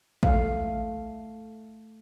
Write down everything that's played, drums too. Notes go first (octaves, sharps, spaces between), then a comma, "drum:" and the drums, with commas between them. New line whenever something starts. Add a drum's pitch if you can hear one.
A3 F5, drum: kick